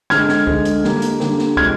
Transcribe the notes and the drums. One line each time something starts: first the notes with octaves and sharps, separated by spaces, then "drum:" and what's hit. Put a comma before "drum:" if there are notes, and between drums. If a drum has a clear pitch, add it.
D3 G#3 F6 G#6, drum: snare
drum: snare
D3 G#3, drum: kick
drum: hi-hat
D3 G3 A#3, drum: snare
drum: hi-hat
D3 G3 A#3, drum: snare
drum: snare
C3 F3 G#3 F6 G#6, drum: kick